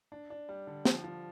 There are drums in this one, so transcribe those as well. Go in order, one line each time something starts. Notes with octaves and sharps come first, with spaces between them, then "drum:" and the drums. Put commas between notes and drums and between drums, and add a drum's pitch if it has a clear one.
D4
D4
G3
D3
F3, drum: snare
F3